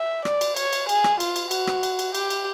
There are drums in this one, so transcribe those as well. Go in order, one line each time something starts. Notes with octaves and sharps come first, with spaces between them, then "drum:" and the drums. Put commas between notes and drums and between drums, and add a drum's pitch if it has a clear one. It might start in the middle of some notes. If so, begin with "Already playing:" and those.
Already playing: E5
D5, drum: rim click
drum: cymbal
C#5, drum: cymbal
drum: cymbal
G#4, drum: cymbal
drum: rim click
F4, drum: cymbal
drum: cymbal
F#4, drum: cymbal
drum: rim click
drum: cymbal
drum: cymbal
G4, drum: cymbal
drum: cymbal